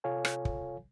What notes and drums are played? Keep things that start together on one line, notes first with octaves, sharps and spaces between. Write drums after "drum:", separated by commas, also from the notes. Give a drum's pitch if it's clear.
C3 F4 A4 C#5 F5 G#5
drum: rim click
drum: kick